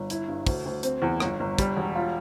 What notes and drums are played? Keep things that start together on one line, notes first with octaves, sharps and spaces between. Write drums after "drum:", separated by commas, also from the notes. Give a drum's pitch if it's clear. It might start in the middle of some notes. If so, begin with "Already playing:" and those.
Already playing: G1
E4, drum: hi-hat
G2
D2, drum: kick, open hi-hat
D2
C4, drum: hi-hat
E2
G1, drum: rim click
G1
G3, drum: kick, hi-hat
E1
F4